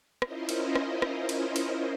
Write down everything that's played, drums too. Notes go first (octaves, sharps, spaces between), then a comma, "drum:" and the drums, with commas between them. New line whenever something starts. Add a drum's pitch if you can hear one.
C#4 E4 F4 A#4 C5 D#5, drum: rim click
drum: cymbal
drum: rim click
drum: rim click
drum: cymbal
drum: cymbal